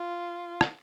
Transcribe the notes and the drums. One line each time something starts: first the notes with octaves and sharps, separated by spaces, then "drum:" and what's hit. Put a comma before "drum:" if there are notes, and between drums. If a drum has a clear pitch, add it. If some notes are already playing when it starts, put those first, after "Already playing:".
Already playing: F4
drum: rim click